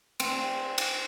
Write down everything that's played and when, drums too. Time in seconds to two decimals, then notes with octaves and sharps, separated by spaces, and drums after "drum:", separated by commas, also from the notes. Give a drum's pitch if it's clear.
0.20 C4, drum: cymbal
0.78 drum: cymbal